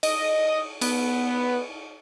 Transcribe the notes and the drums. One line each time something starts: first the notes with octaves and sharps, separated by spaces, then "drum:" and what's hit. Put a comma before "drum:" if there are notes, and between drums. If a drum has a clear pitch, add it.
D#5, drum: cymbal
B3, drum: cymbal